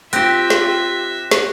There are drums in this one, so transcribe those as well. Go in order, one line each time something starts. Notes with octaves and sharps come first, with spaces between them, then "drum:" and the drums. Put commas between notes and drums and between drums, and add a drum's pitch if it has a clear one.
C4 F4 G4 E5 F#6 A#6, drum: hi-hat
drum: snare
drum: snare